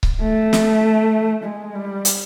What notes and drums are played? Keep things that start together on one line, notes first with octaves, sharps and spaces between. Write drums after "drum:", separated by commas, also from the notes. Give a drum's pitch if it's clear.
drum: kick C#1
A3
drum: snare
G#3
G3
drum: hi-hat